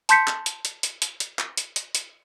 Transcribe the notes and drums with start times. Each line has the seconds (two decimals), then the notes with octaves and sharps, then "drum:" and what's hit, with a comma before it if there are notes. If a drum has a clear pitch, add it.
0.09 A5 C6 G6 B6 C#7, drum: hi-hat
0.28 drum: clap
0.46 drum: hi-hat
0.65 drum: hi-hat
0.83 drum: hi-hat
1.02 drum: hi-hat
1.20 drum: hi-hat
1.39 drum: clap
1.57 drum: hi-hat
1.76 drum: hi-hat
1.95 drum: hi-hat